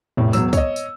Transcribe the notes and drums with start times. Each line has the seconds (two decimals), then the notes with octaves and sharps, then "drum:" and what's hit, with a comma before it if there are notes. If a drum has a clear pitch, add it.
0.17 F1 A2
0.33 E1 F#3 E6, drum: tambourine
0.53 C#5 D#5, drum: kick, tambourine
0.76 drum: tambourine